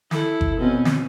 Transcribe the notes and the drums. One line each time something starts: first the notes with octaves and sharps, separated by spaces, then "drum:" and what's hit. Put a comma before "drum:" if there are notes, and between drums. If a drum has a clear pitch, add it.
E4 A4, drum: snare
drum: kick G1
B2 C4 C#4
drum: snare